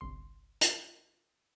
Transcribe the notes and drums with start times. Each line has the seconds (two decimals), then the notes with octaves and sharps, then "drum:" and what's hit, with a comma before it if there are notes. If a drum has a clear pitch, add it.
0.01 G1 C2 C6
0.61 drum: hi-hat